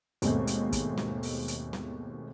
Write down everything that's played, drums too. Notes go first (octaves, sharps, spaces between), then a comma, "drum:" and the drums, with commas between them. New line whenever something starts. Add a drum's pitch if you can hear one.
D#2 G#2 B2 G#3 A3 C4, drum: hi-hat
drum: hi-hat
drum: kick, hi-hat
drum: snare
drum: open hi-hat
drum: hi-hat
drum: snare